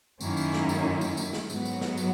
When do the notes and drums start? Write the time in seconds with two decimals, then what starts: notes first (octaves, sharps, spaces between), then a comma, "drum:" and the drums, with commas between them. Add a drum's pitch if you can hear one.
0.21 F#2 D#3 A#3 C#4 E4, drum: tambourine
0.37 drum: tambourine
0.53 drum: snare
0.69 drum: tambourine
1.01 drum: tambourine
1.17 drum: tambourine
1.33 drum: snare
1.50 G#2 F#3 B3, drum: tambourine
1.65 drum: tambourine
1.81 drum: snare
1.97 drum: tambourine